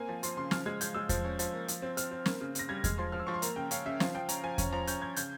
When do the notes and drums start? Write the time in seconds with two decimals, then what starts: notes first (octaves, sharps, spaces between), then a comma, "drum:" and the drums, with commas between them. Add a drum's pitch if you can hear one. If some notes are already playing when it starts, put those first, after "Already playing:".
Already playing: A#3 C4 G#5
0.09 F3
0.23 F3 C6, drum: hi-hat
0.37 C#3 C6
0.51 F3 F6, drum: snare
0.66 G#3 G#6
0.81 F3 G6, drum: hi-hat
0.95 G#3 E6
1.09 F3, drum: kick E2, hi-hat
1.24 C#4
1.39 F3, drum: hi-hat
1.53 A#3
1.68 F3, drum: hi-hat
1.82 C4
1.97 C4 F6, drum: hi-hat
2.11 C4
2.26 A#3, drum: snare
2.41 C#3
2.55 C#3 A#6, drum: hi-hat
2.69 G3 G#6
2.84 G#3 F6, drum: kick E2, hi-hat
2.98 F3 C6
3.12 F3 F6
3.20 E6
3.27 F3 C#6
3.34 C6
3.42 A#3 A#5, drum: hi-hat
3.56 C#3 G5
3.71 C#4 F5, drum: hi-hat
3.86 C#3 E5
4.00 F3 F5, drum: snare
4.15 F3 G5
4.29 C#4 A#5, drum: hi-hat
4.43 F3 G#5
4.58 C#4 A#5, drum: kick E2, hi-hat
4.73 F3 A#5
4.87 C#4 G6, drum: hi-hat
5.02 C#4 G#6
5.16 C#3 G6, drum: hi-hat